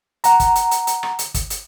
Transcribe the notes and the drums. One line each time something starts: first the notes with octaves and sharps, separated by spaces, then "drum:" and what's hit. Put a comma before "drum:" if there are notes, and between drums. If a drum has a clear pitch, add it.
F#5 A#5, drum: hi-hat
drum: kick, hi-hat
drum: hi-hat
drum: hi-hat
drum: hi-hat
drum: rim click
drum: hi-hat
drum: kick, hi-hat
drum: hi-hat